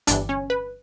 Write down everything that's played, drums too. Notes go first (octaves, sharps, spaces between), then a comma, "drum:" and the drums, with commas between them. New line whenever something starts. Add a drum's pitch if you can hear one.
G1 G2 E3 D4, drum: hi-hat
C#4
B4